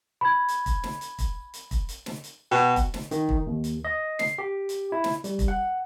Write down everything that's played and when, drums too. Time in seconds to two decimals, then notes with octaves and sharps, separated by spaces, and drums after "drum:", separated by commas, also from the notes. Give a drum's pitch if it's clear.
0.21 B5 G#6
0.48 drum: hi-hat
0.66 drum: kick, hi-hat
0.83 drum: snare
1.01 drum: hi-hat
1.19 drum: kick, hi-hat
1.54 drum: hi-hat
1.71 drum: kick, hi-hat
1.89 drum: hi-hat
2.06 drum: snare
2.24 drum: hi-hat
2.51 B2 G5
2.76 drum: kick, hi-hat
2.94 drum: snare
3.11 D#3, drum: hi-hat
3.29 drum: kick
3.47 D#2
3.64 drum: hi-hat
3.85 D#5
4.19 C7, drum: snare
4.38 G4
4.69 drum: hi-hat
4.92 E4
5.04 drum: snare
5.24 G3, drum: hi-hat
5.39 drum: kick, hi-hat
5.48 F#5